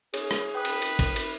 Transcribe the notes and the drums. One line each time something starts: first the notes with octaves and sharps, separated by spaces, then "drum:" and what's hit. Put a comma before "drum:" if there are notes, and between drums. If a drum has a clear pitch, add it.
G#4 C#5, drum: cymbal
drum: rim click
B4 G5 D#6
drum: cymbal
drum: cymbal
drum: kick, cymbal
drum: cymbal